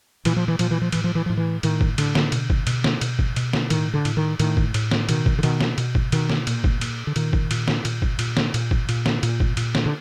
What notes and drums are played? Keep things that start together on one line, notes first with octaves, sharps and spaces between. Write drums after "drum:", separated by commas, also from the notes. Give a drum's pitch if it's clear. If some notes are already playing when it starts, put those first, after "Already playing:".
A#2 E3, drum: cymbal
F3
E3
A#2 F3, drum: cymbal
E3
F3
A2 E3, drum: cymbal
F3
E3
A2 F3
E3
A2 D#3, drum: cymbal
drum: kick
A2 D3, drum: cymbal
drum: snare
B2, drum: cymbal
drum: kick
B2, drum: cymbal
drum: snare
B2, drum: cymbal
drum: kick
B2, drum: cymbal
drum: snare
A2 D#3, drum: cymbal
D3
A2, drum: cymbal
D#3
A2 D#3, drum: cymbal
drum: kick
A2, drum: cymbal
drum: snare
B2 D#3, drum: cymbal
drum: kick
D3
B2 D#3, drum: cymbal
drum: snare
B2, drum: cymbal
drum: kick
B2 D#3, drum: cymbal
drum: snare
A#2, drum: cymbal
drum: kick
A#2, drum: cymbal
D3
A#2 D#3, drum: cymbal
drum: kick
A#2, drum: cymbal
drum: snare
A#2, drum: cymbal
drum: kick
A#2, drum: cymbal
drum: snare
A#2, drum: cymbal
drum: kick
A#2, drum: cymbal
drum: snare
A#2, drum: cymbal
drum: kick
A#2, drum: cymbal
drum: snare
D3